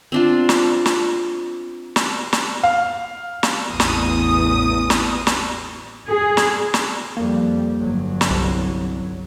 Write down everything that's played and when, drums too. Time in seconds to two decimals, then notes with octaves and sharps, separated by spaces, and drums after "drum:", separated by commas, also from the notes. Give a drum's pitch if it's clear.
0.12 C4 D4 F4
0.49 drum: snare
0.86 drum: snare
1.96 drum: snare
2.33 drum: snare
2.63 F5
3.43 drum: snare
3.69 A1 E2 D#6
3.80 drum: snare
4.90 drum: snare
5.27 drum: snare
6.07 G#4
6.37 drum: snare
6.74 drum: snare
7.17 F2 G3 A#3
7.79 G1 F#3
8.21 drum: snare
8.30 C2